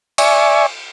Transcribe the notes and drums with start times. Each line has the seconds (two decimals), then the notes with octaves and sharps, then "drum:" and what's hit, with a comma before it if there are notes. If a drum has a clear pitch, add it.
0.18 D5 E5 G#5 C#6, drum: cymbal